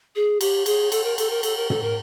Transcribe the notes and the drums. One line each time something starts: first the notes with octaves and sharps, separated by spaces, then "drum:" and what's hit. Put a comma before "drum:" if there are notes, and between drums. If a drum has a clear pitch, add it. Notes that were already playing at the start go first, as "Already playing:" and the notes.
G#4
G4, drum: cymbal
G#4, drum: cymbal
A4, drum: cymbal
A#4
A4, drum: cymbal
A#4
A4, drum: cymbal
A#4
A4, drum: tom
A#4